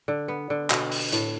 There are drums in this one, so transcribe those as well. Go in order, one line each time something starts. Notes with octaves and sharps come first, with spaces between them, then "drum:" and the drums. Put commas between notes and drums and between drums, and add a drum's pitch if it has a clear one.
D3
B3
D3
B2, drum: clap
drum: open hi-hat
A2, drum: hi-hat